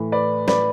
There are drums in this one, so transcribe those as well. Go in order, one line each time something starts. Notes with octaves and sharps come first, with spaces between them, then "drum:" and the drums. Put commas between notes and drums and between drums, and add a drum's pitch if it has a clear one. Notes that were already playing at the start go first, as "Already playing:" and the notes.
Already playing: A2 E3
B4 D5
B4 D5, drum: snare